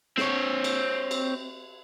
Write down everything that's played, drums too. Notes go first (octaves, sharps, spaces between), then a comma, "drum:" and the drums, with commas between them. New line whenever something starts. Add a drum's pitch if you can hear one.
C4 C#5, drum: snare
drum: cymbal
drum: cymbal